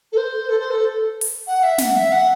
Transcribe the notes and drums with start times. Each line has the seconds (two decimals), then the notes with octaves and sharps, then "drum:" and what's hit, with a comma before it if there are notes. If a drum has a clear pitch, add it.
0.12 A4
0.17 C5
0.49 A4
0.59 C5
0.70 A4
1.21 drum: open hi-hat
1.46 F#5
1.62 E5
1.78 F#5, drum: snare
1.95 E5
2.11 F#5